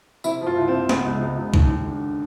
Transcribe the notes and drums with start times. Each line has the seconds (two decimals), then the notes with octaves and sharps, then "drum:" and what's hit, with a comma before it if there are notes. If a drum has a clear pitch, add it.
0.24 C3 E4, drum: tambourine
0.41 F3
0.46 F4
0.57 C2
0.68 C4
0.73 C3
0.89 C#2 B3, drum: snare
1.05 C#2
1.21 C#2
1.38 C#2
1.54 D#2, drum: kick C2
1.70 D#2
1.86 D3